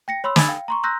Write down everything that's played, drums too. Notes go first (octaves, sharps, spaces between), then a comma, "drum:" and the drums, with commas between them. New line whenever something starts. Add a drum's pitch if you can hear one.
G5 A#6 C#7
C#5 B5 C6 E6
G#5 B5 E6 G#6 A6, drum: snare
F5 G5
A#5 C6 C#6
A#5 C6 E6 F#6 G6 A#6